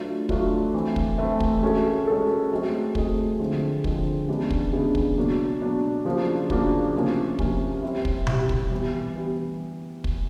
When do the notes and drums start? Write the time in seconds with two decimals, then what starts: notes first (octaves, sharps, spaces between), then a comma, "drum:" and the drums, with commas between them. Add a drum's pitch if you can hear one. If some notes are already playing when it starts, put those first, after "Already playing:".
Already playing: F#3 A3 D4 F4
0.29 F#3 A3 D4 F4, drum: kick
0.74 E3 A3 C4
0.96 drum: kick
1.18 E3 A3 C4
1.40 drum: kick
1.62 G#3 C#4 F#4 A4
2.07 G#3 C#4 F#4 A4
2.51 F#3 A3 C4 D#4 G#4
2.95 F#3 A3 C4 D#4 G#4, drum: kick
3.40 D3 F3 G#3 C4
3.84 D3 F3 G#3 C4, drum: kick
4.28 C#3 E3 G#3 B3 D4
4.50 drum: kick
4.73 C#3 E3 G#3 B3 D4
4.95 drum: kick
5.16 B2 F#3 A#3 D4
5.61 B2 F#3 A#3 D4
6.05 C#3 F3 A#3 D4 F#4
6.50 C#3 F3 A#3 D4 F#4, drum: kick
6.95 C3 F3 A#3 C#4
7.39 C3 F3 A#3 C#4, drum: kick
7.82 G3 C4 E4
8.05 drum: kick
8.27 G3 C4 E4, drum: tom B2
8.49 drum: kick
8.71 E3 G3 B3
9.16 E3 G3 B3
10.04 drum: kick